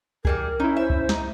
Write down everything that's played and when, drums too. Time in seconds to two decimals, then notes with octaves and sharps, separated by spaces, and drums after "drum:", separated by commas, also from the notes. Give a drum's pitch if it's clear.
0.25 E3 G3 G#4 A#4, drum: kick C2
0.60 C#4 D#4 E4
0.77 C5 E5
0.90 drum: kick C2
1.09 D#4, drum: snare